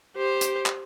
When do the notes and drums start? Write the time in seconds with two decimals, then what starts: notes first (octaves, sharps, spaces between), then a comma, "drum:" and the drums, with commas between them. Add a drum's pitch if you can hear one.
0.16 G4 C5
0.41 drum: hi-hat
0.66 drum: clap